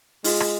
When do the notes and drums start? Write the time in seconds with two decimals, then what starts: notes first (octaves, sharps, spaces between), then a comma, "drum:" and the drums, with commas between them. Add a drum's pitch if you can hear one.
0.24 G#3 F4, drum: open hi-hat
0.40 drum: rim click